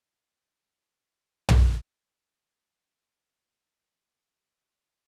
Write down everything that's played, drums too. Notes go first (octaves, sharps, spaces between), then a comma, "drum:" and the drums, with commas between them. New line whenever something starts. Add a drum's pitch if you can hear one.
G#4 A4 C5
drum: tom
A#3 B3